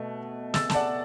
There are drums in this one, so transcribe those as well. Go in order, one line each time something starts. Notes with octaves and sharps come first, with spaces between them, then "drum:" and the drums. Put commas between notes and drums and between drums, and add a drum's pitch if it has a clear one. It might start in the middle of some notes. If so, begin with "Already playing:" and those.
Already playing: B2 A3
E6 A6, drum: snare
A5, drum: snare
D5 F#5